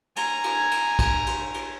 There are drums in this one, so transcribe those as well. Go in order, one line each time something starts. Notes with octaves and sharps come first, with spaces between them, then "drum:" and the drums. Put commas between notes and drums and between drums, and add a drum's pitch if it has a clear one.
G#5 A#5, drum: cymbal
drum: cymbal
drum: cymbal
drum: kick, cymbal
drum: cymbal
drum: cymbal